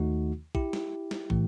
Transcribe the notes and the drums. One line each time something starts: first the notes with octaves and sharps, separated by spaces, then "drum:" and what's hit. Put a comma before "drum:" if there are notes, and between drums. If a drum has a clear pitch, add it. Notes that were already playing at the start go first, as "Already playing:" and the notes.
Already playing: D#2 D#3 A3 D#4 F#4
E4 G4, drum: kick
drum: snare
drum: snare
A2 E3 A3, drum: kick